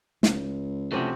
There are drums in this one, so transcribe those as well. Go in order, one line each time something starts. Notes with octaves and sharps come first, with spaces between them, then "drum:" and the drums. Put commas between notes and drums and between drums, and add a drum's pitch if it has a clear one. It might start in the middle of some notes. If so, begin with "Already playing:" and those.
C#2, drum: snare
C3 F3 A3 C#4 D4 F#4